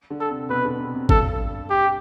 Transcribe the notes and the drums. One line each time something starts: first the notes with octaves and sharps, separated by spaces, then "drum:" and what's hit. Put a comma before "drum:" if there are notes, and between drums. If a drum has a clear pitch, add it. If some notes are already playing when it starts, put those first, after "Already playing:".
D3
A4
C3
B2 B4
D3
C3
C3
G2 A4, drum: kick
G4